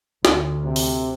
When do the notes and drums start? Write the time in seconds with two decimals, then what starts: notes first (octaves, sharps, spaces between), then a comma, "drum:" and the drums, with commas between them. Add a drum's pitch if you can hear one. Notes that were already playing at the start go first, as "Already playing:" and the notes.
0.25 D2, drum: snare
0.64 C3
0.76 drum: open hi-hat